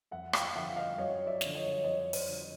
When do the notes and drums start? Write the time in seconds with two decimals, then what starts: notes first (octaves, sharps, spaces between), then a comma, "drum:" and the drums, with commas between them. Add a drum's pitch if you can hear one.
0.11 F2 E5 F#5
0.33 F5 G5, drum: rim click
0.44 F5
0.54 D3 F3 E5 F#5
0.76 D#5 F5
0.98 F#2 C#5 D#5
1.26 D5 E5
1.41 D3 F3, drum: snare
1.55 C#5 D#5
1.84 F2 C#5 D#5
2.13 C5 D5, drum: open hi-hat
2.27 D3 F#3
2.41 C#5 D#5